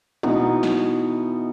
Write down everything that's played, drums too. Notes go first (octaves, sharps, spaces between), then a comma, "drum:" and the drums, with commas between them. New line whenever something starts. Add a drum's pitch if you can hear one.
B2 E3 D#4, drum: tom
drum: snare